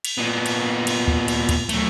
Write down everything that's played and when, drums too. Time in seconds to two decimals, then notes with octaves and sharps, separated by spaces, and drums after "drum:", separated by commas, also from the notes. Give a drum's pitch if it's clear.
0.05 drum: cymbal
0.18 A#2 B3
0.46 drum: cymbal
0.87 drum: cymbal
1.08 drum: kick
1.28 drum: cymbal
1.49 drum: kick, cymbal
1.69 F#2 A3, drum: cymbal